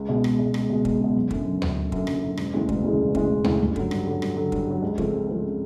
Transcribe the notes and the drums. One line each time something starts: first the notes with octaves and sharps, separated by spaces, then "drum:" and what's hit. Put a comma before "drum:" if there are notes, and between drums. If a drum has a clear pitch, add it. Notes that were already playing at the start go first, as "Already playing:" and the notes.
Already playing: C#2
B2 G#3
C#2, drum: rim click
B2 G#3
C#2, drum: rim click
B2 G#3
C#2, drum: kick
B2 G#3
F#1
F#2 D3, drum: kick
F#1
F#2 D3, drum: tom D2
F#1
F#2 D3, drum: kick
F#1, drum: rim click
F#2 D3
E1, drum: rim click
D2 C#3 E3 G#3
E1, drum: kick
D2 C#3 E3 G#3
E1
D2 C#3 E3 G#3, drum: kick
E1
D2 C#3 E3 G#3, drum: tom D2
G2
D3 F#3, drum: kick
G2, drum: rim click
D3 F#3
G2, drum: rim click
D3 F#3
G2, drum: kick
D3 F#3
C#2
C#3 F3 A3 C4, drum: kick
C#2
C#3 F3 A3 C4